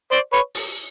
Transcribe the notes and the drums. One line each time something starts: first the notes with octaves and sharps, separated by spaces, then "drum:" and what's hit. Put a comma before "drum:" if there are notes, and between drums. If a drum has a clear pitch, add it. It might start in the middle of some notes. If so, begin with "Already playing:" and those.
C5 D5
B4 C#5
drum: open hi-hat